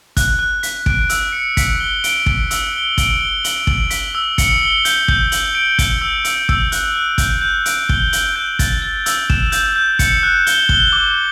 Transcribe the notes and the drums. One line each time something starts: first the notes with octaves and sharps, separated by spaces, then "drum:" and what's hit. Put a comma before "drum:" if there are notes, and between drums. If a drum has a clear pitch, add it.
F#6, drum: kick, hi-hat
F#6
B6, drum: hi-hat
D7, drum: kick
E6, drum: hi-hat
C#7
B6, drum: kick, hi-hat
G7
D7, drum: hi-hat
D7, drum: kick
E6, drum: hi-hat
G7
D7, drum: kick, hi-hat
G7
F#7, drum: hi-hat
F#7, drum: kick
B6, drum: hi-hat
E6
C#7, drum: kick, hi-hat
G7
G6, drum: hi-hat
G6, drum: kick
F#7, drum: hi-hat
D7
G6, drum: kick, hi-hat
E6
E6, drum: hi-hat
E6, drum: kick
F#6, drum: hi-hat
F#6
G6, drum: kick, hi-hat
G6
D7, drum: hi-hat
G7, drum: kick
F#7, drum: hi-hat
G6
A6, drum: kick, hi-hat
A6
E6, drum: hi-hat
E7, drum: kick
G6, drum: hi-hat
G6
C#7, drum: kick, hi-hat
F#6
G7, drum: hi-hat
G7, drum: kick
D6